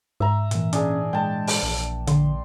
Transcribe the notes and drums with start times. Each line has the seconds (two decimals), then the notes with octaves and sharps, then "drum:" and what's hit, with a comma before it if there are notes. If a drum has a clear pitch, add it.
0.20 G#2 E5 A#5
0.51 A#2 E3, drum: hi-hat
0.73 C#4 D4 G#4, drum: hi-hat
1.13 G#3 G5 A5
1.47 drum: open hi-hat
1.63 A#1
2.07 D3 C6, drum: hi-hat